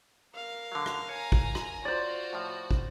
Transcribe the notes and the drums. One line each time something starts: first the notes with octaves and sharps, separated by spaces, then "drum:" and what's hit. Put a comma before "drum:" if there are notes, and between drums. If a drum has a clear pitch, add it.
A#4 F5
D3 F#3
drum: rim click
C#5 G#5 A#5
drum: kick
drum: rim click
F4 F#4 C5 D5
A2 F3
drum: kick